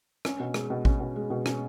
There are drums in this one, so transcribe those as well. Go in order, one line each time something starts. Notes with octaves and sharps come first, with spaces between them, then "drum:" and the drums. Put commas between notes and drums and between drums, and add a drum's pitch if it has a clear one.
C#4, drum: rim click
B2
G#3, drum: rim click
B2
C#4, drum: kick A1
B2
G#3
B2
C#4, drum: rim click